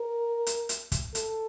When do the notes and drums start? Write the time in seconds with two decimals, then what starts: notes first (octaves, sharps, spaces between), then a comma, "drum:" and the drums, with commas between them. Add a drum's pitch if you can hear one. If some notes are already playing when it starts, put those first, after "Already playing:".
Already playing: A#4
0.46 drum: hi-hat
0.69 drum: hi-hat
0.92 drum: kick, hi-hat
1.15 A4, drum: hi-hat